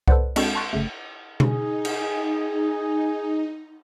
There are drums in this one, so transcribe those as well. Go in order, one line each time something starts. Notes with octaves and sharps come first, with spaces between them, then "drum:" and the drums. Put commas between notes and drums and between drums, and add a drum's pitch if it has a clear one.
A4 B4 C5 D5 F#5, drum: kick C2
G#3 C4 D4 F#4 A4, drum: cymbal
A5 C6 C#6 F#6 A6
G1 C#3 A3
D#4 G#4, drum: tom B2
drum: cymbal